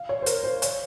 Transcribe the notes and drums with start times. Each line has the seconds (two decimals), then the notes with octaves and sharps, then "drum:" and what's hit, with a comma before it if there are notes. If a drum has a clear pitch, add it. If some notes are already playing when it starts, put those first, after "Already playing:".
Already playing: F5
0.09 C#5
0.22 C5
0.26 A#4, drum: hi-hat
0.44 C5
0.62 C#5, drum: hi-hat